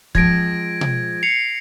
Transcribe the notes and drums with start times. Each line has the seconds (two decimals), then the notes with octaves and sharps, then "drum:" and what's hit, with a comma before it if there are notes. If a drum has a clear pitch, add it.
0.15 F3 G#3 C4 G#6 A#6 D7, drum: kick
0.81 drum: tom B2
1.23 C7 C#7 F7